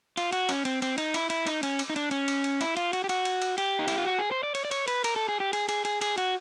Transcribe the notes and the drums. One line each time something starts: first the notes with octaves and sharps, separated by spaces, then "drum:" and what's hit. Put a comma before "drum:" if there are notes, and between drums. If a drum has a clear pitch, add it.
F4, drum: cymbal
F#4, drum: cymbal
C#4, drum: cymbal
C4, drum: cymbal
C4, drum: cymbal
D#4, drum: cymbal
E4, drum: cymbal
E4, drum: cymbal
D#4, drum: cymbal
C#4, drum: cymbal
drum: cymbal
D#4
D4, drum: cymbal
C#4, drum: cymbal
drum: cymbal
drum: cymbal
E4, drum: cymbal
F4, drum: cymbal
F#4, drum: cymbal
G4
F#4, drum: cymbal
drum: cymbal
drum: cymbal
G4, drum: cymbal
D#4
E4, drum: cymbal
F4
F#4
G#4
C5
D5
C#5, drum: cymbal
D5
C#5, drum: cymbal
B4, drum: cymbal
A#4, drum: cymbal
A4
G#4
G4
G#4, drum: cymbal
G#4, drum: cymbal
G#4, drum: cymbal
G#4, drum: cymbal
F#4, drum: cymbal